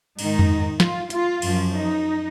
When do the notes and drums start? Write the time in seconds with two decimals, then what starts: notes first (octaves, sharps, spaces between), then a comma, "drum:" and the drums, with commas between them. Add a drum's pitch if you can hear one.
0.19 G#2 D#3 D#4, drum: cymbal
0.39 drum: tom F2
0.80 F4, drum: snare
1.10 F4, drum: hi-hat
1.42 F#2 F3, drum: cymbal
1.73 D#4